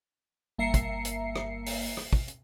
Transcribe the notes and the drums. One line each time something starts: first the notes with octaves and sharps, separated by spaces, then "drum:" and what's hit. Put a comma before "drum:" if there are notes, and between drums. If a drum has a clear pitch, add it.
G1 A#3 E5 A#5 C7 C#7
drum: kick, hi-hat
drum: hi-hat
drum: rim click
drum: open hi-hat
drum: rim click
drum: kick
drum: hi-hat